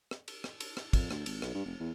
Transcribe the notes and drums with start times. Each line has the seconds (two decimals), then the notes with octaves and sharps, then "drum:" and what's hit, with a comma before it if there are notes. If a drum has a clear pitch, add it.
0.11 drum: rim click
0.28 drum: cymbal
0.44 drum: rim click
0.60 drum: cymbal
0.77 drum: rim click
0.93 F2, drum: kick, cymbal
1.11 D2, drum: rim click
1.26 G#1, drum: cymbal
1.42 B1, drum: rim click
1.54 G2
1.66 F1
1.79 E2